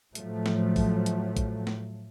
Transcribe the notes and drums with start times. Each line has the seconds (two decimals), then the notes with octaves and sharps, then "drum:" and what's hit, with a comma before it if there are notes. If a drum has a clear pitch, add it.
0.15 A2 F3 F#3 A3, drum: hi-hat
0.46 drum: snare
0.76 drum: kick A1, open hi-hat
1.06 drum: hi-hat
1.37 drum: kick A1, hi-hat
1.67 drum: snare